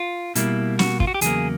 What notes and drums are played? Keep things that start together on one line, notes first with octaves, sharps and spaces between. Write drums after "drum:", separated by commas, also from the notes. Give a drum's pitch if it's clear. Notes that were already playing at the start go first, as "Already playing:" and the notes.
Already playing: F4
B2 G3 A#3 E4, drum: hi-hat
F#4, drum: snare
F4, drum: kick
F#4
G4
E2 C#3 F#3 A#3 G#4, drum: hi-hat